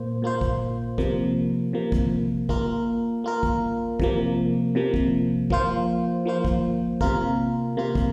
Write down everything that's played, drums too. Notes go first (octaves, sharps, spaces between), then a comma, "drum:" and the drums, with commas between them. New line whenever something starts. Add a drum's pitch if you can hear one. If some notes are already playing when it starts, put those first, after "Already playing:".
Already playing: A#2 A#3 C5
A#2 A#3 F4 C5
drum: kick
C3 F3 A#3, drum: kick
C3 F3 A#3
drum: kick
A#3 F4 A#4, drum: kick
A#3 F4 A#4
drum: kick
C3 F3 A#3, drum: kick
C3 F3 A#3
drum: kick
F3 A#3 F4 C5, drum: kick
F3 A#3 F4 C5
drum: kick
C3 A#3 F4 A#4, drum: kick
C3 A#3 F4 A#4
drum: kick